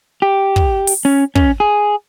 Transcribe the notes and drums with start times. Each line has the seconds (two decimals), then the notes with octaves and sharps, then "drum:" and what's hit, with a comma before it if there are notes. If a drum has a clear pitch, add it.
0.22 G4
0.56 drum: kick
0.87 drum: open hi-hat
1.05 C#4
1.35 C#4, drum: kick
1.60 G#4